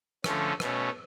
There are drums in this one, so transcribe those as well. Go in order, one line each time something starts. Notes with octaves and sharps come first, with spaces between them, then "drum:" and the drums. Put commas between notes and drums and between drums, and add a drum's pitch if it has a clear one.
D3 F3 A3 C#4, drum: rim click
B2 A3 C#4, drum: rim click